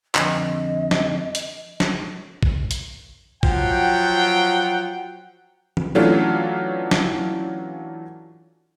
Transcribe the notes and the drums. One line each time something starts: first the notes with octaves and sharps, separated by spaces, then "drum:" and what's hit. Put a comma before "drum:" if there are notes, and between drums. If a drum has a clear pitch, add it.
F2 D3 D#5, drum: clap
drum: snare
drum: hi-hat
drum: snare
drum: kick
drum: hi-hat
F3 F#3 F#5 G5, drum: kick
drum: tom
E3 F#3 A3 C#4 D4 F4
drum: snare